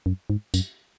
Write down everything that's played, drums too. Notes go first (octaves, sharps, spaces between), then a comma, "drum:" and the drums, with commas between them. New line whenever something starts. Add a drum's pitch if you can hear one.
F#2
G#2
F#2, drum: tambourine